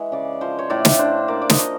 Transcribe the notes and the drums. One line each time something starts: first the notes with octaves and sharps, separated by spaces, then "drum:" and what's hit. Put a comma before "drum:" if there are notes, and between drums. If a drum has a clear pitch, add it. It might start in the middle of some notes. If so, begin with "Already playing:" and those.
Already playing: E3 G#3 F#5
C#3 D5
F3 C5
C#5
A2 D5
drum: snare
D4 C5
A#3 D5
D5
D#5, drum: snare
F3